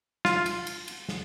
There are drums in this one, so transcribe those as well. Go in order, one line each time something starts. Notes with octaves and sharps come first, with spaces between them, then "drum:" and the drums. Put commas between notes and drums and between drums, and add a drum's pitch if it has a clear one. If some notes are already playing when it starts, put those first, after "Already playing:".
F4, drum: snare
drum: cymbal
drum: cymbal
drum: cymbal
drum: snare